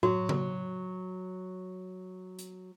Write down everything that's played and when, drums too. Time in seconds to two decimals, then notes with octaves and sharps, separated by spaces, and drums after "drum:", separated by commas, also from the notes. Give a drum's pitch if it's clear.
0.03 F#3 F#4, drum: tom A2
0.29 drum: tom C#3
2.39 drum: hi-hat